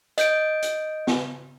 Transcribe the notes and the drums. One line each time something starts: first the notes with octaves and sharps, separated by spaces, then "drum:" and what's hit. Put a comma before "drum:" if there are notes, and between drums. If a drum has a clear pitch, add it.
D#5 G6 D7, drum: hi-hat
drum: hi-hat
drum: snare